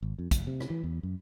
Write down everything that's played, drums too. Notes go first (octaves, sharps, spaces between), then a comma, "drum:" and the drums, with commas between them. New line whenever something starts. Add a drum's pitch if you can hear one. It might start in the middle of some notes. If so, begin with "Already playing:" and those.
G#1
F2
F1, drum: kick, hi-hat
C3
drum: rim click
E3
E2
F#2